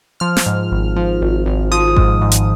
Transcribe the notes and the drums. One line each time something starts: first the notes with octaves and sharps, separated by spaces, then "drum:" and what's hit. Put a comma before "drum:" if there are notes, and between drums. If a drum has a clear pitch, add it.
F3 F6
drum: snare
G#2
G#1
F3
G#1
G#1
F3 D#6
G#2, drum: kick G#1
G#2
drum: hi-hat